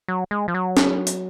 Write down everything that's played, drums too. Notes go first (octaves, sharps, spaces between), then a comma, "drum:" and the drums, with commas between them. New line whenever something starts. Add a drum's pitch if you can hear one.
F#3
G#3
F3
F#3
drum: snare
drum: hi-hat